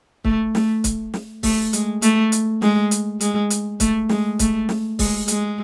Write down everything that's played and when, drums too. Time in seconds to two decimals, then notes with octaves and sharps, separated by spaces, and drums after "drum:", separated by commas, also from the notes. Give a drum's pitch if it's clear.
0.25 A3, drum: kick
0.55 A3, drum: snare
0.84 drum: kick, hi-hat
1.14 drum: snare
1.43 A3, drum: kick, open hi-hat
1.73 G#3, drum: hi-hat
2.02 A3, drum: hi-hat
2.32 drum: hi-hat
2.62 G#3, drum: snare
2.91 drum: hi-hat
3.21 G#3, drum: hi-hat
3.50 drum: hi-hat
3.80 A3, drum: kick, hi-hat
4.09 G#3, drum: snare
4.39 A3, drum: kick, hi-hat
4.69 drum: snare
4.99 G#3, drum: kick, open hi-hat
5.28 G#3, drum: hi-hat